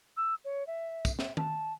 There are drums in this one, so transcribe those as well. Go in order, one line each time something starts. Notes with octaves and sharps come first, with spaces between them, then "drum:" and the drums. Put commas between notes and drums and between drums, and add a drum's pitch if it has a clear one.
E6
C#5
E5
drum: kick, tambourine
E5, drum: snare
A5, drum: tom